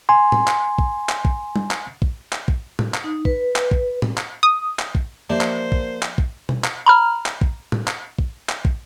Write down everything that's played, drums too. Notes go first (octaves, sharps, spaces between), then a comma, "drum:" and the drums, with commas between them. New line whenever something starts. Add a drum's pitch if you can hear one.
G#5 C6
drum: tom A2
drum: clap
drum: kick
drum: clap
drum: kick
drum: tom G3
drum: clap
drum: kick
drum: clap
drum: kick
drum: tom A2
drum: clap
D#4
B4, drum: kick
drum: clap
drum: kick
drum: tom A2
drum: clap
D#6
drum: clap
drum: kick
F3 A#3 D4 G4 C5 E5
drum: clap
drum: kick
drum: clap
drum: kick
drum: tom B2
drum: clap
A#5 B5 F6
drum: clap
drum: kick
drum: tom A2
drum: clap
drum: kick
drum: clap
drum: kick